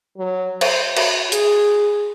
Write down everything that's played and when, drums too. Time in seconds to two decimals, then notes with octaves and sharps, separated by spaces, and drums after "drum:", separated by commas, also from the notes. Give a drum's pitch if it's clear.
0.17 F#3
0.61 C5, drum: cymbal
0.96 F#4, drum: cymbal
1.32 G#4, drum: hi-hat